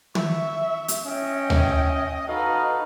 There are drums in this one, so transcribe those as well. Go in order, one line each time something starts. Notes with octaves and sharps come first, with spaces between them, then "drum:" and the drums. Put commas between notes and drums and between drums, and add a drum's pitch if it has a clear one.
E5 C#6, drum: tom
drum: hi-hat
C#4 D#5 E5 G5
drum: tom D2
D#4 F#4 A4 B4 D#5 F5